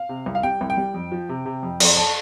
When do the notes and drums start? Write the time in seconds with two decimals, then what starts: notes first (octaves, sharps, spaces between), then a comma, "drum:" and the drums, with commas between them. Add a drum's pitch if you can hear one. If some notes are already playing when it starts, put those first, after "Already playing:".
Already playing: F5
0.09 C3
0.26 C2
0.35 F5
0.43 G3 G5
0.61 C2
0.70 G5
0.77 G3
0.94 F2
1.12 F3
1.29 C3
1.46 C3
1.63 F2
1.80 F2, drum: cymbal
1.97 A5